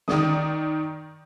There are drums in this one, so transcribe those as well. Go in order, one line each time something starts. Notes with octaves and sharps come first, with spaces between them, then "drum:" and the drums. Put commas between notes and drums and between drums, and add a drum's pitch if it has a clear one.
D#3 D5 D#6, drum: snare